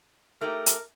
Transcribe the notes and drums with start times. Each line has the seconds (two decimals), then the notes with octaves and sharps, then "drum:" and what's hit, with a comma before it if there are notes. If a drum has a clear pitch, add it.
0.41 A3 D#4 G4 A#4
0.66 drum: hi-hat